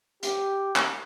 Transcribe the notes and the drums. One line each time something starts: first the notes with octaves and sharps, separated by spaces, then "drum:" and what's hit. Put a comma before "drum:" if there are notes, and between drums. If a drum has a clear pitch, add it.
G4, drum: hi-hat
drum: clap